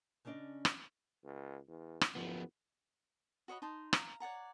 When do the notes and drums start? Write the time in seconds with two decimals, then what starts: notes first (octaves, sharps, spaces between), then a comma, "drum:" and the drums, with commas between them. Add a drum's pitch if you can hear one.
0.25 C#3 C#4 D4 D5 D#5
0.65 drum: rim click
1.24 C#2
1.68 E2
2.01 drum: rim click
2.15 F#1 F3 B3
3.48 F#4 C#5 D#5 B5
3.62 D#4 A5 C6
3.93 F5 A#5, drum: rim click
4.20 C#5 D5 F#5 A#5